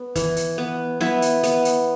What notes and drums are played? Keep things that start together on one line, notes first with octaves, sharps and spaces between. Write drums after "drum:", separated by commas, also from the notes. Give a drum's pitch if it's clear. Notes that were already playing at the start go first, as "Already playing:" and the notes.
Already playing: B3
E3, drum: kick, hi-hat
drum: hi-hat
B3
B3 E4, drum: snare
drum: hi-hat
B3, drum: hi-hat
drum: hi-hat